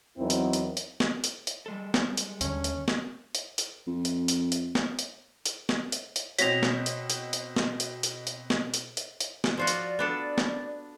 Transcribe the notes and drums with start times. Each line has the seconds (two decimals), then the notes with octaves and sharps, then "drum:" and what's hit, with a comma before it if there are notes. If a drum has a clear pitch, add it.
0.18 E2 F#3 C4 D#4 E4 A#4
0.30 drum: hi-hat
0.53 drum: hi-hat
0.77 drum: hi-hat
1.00 drum: snare
1.24 drum: hi-hat
1.47 drum: hi-hat
1.66 G3 G#3 A4
1.94 drum: snare
2.17 drum: hi-hat
2.41 D#2 D3 C#4, drum: hi-hat
2.64 drum: hi-hat
2.88 drum: snare
3.35 drum: hi-hat
3.58 drum: hi-hat
3.87 F2
4.05 drum: hi-hat
4.28 drum: hi-hat
4.52 drum: hi-hat
4.75 drum: snare
4.99 drum: hi-hat
5.46 drum: hi-hat
5.69 drum: snare
5.92 drum: hi-hat
6.16 drum: hi-hat
6.39 B2 C4 F#4 C#5 A#6 B6 F7, drum: hi-hat
6.63 drum: snare
6.86 drum: hi-hat
7.10 drum: hi-hat
7.33 drum: hi-hat
7.56 drum: snare
7.80 drum: hi-hat
8.03 drum: hi-hat
8.27 drum: hi-hat
8.50 drum: snare
8.74 drum: hi-hat
8.97 drum: hi-hat
9.20 drum: hi-hat
9.44 drum: snare
9.57 F3 F4 F#4 D5
9.67 drum: hi-hat
9.99 B3 D4 A4
10.38 drum: snare